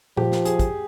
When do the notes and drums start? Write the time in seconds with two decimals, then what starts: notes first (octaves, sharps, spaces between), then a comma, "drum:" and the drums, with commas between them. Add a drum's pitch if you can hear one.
0.17 F3 G4, drum: tom A#2
0.32 drum: snare
0.45 G#4, drum: hi-hat
0.59 drum: kick, hi-hat